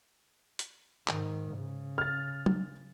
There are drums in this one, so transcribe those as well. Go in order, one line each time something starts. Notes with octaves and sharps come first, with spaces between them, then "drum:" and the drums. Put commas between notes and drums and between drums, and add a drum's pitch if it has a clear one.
drum: hi-hat
G#2 D#3, drum: clap
C#3
F6 A6
drum: tom F#3